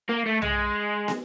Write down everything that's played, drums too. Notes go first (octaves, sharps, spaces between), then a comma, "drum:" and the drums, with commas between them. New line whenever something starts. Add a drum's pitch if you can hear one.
A#3
A3
G#3, drum: tom
drum: snare